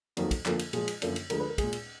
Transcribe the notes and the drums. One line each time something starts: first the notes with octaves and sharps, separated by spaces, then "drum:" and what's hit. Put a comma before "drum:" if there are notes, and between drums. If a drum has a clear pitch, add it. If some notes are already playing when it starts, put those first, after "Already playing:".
F2 D#3 F#3 A#3, drum: cymbal
drum: kick, cymbal
F2 D3 F3 A#3, drum: clap
drum: cymbal
A#2 F3 G#3 G#4, drum: cymbal
drum: cymbal
F#2 D3 F3 A#3, drum: cymbal
drum: cymbal
D2 D3 F3 G#3 A#4, drum: cymbal
B4
A#4
A#2 G#3 G#4, drum: kick, cymbal
drum: cymbal